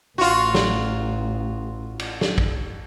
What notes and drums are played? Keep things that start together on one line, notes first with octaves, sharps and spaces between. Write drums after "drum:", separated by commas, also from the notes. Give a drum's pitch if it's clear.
A1 F4 F#4
drum: snare
drum: cymbal
drum: snare
drum: kick